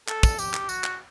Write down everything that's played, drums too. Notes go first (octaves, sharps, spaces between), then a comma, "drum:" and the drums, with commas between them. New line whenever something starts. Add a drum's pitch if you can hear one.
A4, drum: clap
drum: kick, tambourine
G4, drum: tambourine
drum: clap
F#4, drum: tambourine
drum: clap